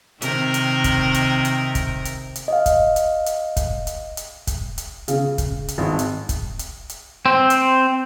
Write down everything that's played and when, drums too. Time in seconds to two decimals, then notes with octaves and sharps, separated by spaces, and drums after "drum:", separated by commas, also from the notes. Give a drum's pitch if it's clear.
0.22 C3 D#3 A#4, drum: hi-hat
0.54 drum: hi-hat
0.84 drum: kick, hi-hat
1.14 drum: hi-hat
1.45 drum: hi-hat
1.75 drum: kick, hi-hat
2.05 drum: hi-hat
2.36 drum: hi-hat
2.48 D#5 F5
2.66 drum: kick, hi-hat
2.96 drum: hi-hat
3.26 drum: hi-hat
3.57 drum: kick, hi-hat
3.87 drum: hi-hat
4.17 drum: hi-hat
4.47 drum: kick, hi-hat
4.78 drum: hi-hat
5.08 C#3, drum: hi-hat
5.38 drum: kick, hi-hat
5.68 drum: hi-hat
5.78 G#1
5.99 drum: hi-hat
6.29 drum: kick, hi-hat
6.59 drum: hi-hat
6.89 drum: hi-hat
7.26 C4
7.50 drum: hi-hat